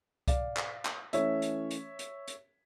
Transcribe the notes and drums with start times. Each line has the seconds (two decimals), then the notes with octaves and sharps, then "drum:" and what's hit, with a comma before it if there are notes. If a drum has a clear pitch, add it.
0.28 D5 F5, drum: kick C2, hi-hat
0.57 drum: clap
0.85 drum: clap
1.13 E3 A3 C#4 C#5 E5, drum: hi-hat
1.42 drum: hi-hat
1.71 drum: hi-hat
1.99 drum: hi-hat
2.28 drum: hi-hat